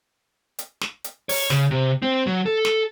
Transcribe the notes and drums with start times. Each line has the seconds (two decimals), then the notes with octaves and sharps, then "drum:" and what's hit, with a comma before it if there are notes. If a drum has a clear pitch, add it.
0.59 drum: hi-hat
0.81 drum: snare
1.04 drum: hi-hat
1.29 C#5, drum: open hi-hat
1.50 C#3, drum: snare
1.71 C3
2.02 C4
2.27 F#3
2.46 A4
2.65 drum: snare